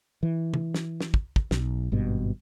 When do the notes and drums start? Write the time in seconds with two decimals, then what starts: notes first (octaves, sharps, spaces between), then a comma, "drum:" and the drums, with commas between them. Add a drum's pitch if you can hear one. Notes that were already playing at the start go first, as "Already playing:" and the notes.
0.23 E3
0.54 drum: tom
0.74 drum: snare
1.01 drum: snare
1.14 drum: kick
1.36 drum: kick
1.51 B1, drum: snare
1.92 G#1 G2 B2